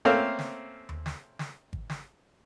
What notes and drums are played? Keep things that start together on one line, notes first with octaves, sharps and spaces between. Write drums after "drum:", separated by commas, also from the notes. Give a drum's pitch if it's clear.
A3 A#3 C4 C#4 C5 F5
drum: snare
drum: tom D#2
drum: snare
drum: snare
drum: kick G#1
drum: snare